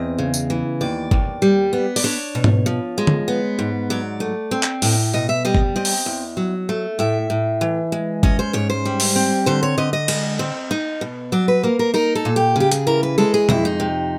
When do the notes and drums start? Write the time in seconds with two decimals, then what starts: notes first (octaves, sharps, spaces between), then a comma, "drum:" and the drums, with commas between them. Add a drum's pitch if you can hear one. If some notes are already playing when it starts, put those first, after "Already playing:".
Already playing: E2 C4 D#5
0.18 C#3
0.34 drum: tambourine
0.50 E3
0.81 D#2 D5
1.11 D#2, drum: kick G1
1.42 G3
1.73 B3
1.96 D5, drum: open hi-hat
2.04 D4 C#5
2.35 B2
2.44 drum: tom G#2
2.66 F3
2.98 G#3
3.07 drum: tom D3
3.28 B3
3.59 G#2
3.90 F#3 D5
4.20 A3
4.51 C4
4.63 drum: clap
4.82 A2, drum: open hi-hat
5.13 B2 D#5
5.29 E5
5.45 G3 D#5
5.55 drum: kick G1
5.76 C4 D#5
5.85 drum: open hi-hat
6.06 E2
6.37 F#3
6.69 A3
6.99 A2 E5
7.30 A2
7.61 E3
7.92 G#3
8.23 C#4 D#5, drum: kick G1
8.39 C5
8.53 G#2 C#5
8.70 C5
8.85 G3
9.00 drum: open hi-hat
9.16 C4
9.46 D3 C5
9.63 C#5
9.78 D3 D#5
9.93 D#5
10.08 G#3, drum: cymbal
10.39 C4
10.71 D#4
11.01 B2
11.32 F#3 D5
11.48 B4
11.63 A#3 A#4
11.79 A#4
11.94 D#4 A#4
12.15 A4
12.25 A#2
12.36 G4
12.56 C#3 G4
12.71 G#4, drum: hi-hat
12.87 E3 A#4
13.03 B4
13.18 G#3 A4
13.34 G#4
13.49 F2 E4, drum: tom B2
13.65 D#4
13.80 C3